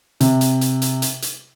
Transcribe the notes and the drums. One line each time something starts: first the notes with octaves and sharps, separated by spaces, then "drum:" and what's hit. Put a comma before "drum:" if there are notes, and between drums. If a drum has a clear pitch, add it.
C3, drum: hi-hat
drum: hi-hat
drum: hi-hat
drum: hi-hat
drum: hi-hat
drum: hi-hat